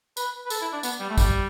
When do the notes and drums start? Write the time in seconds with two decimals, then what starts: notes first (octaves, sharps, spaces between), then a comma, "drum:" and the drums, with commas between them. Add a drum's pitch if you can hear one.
0.17 B4, drum: tambourine
0.46 B4
0.50 A4, drum: tambourine
0.61 E4
0.73 D4
0.83 B3, drum: tambourine
1.00 G3
1.10 A3
1.18 G3, drum: kick, tambourine